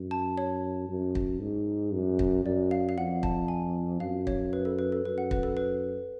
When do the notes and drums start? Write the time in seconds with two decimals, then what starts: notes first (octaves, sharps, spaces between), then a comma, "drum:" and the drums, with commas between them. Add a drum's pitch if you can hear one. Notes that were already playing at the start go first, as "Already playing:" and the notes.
Already playing: F#2
0.11 A5
0.38 C#5
0.89 F#2
1.15 drum: kick
1.41 G#2
1.93 F#2
2.19 drum: kick
2.45 F#2 D5
2.71 F5
2.89 F5
2.97 F2 F#5
3.23 A5, drum: kick
3.48 G#5
4.00 F#2 F5
4.27 C#5, drum: kick
4.53 B4
4.65 A4
4.79 B4
4.92 A4
5.05 F#2 B4
5.18 F#5
5.31 B4, drum: kick
5.43 A4
5.57 B4